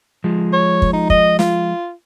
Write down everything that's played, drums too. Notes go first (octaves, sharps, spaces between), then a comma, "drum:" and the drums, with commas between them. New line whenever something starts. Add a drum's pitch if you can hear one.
F3 G#3
C#5
drum: kick
D#4
D#5, drum: kick
F4, drum: snare